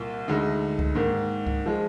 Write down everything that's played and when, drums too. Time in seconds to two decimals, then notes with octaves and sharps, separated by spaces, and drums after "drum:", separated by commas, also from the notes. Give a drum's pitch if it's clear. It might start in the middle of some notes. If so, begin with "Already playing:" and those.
Already playing: C2 A#2
0.28 D2 D3 G#3 D#4
0.79 drum: kick C#2
0.95 G#2 D#3 A#3
1.47 drum: kick C#2
1.66 F3 G#3